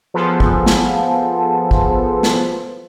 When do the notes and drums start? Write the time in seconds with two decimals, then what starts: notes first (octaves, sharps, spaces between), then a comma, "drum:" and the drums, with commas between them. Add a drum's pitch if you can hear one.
0.14 F3 B3 F4 G#4 A4 C5
0.40 drum: kick
0.66 drum: snare
1.71 drum: kick
2.23 drum: snare